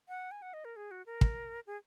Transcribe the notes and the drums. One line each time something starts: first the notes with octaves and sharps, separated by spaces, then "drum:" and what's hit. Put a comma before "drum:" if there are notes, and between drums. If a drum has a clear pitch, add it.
F#5
G#5
F#5
D#5
A#4
G#4
F#4
A#4
drum: kick
G#4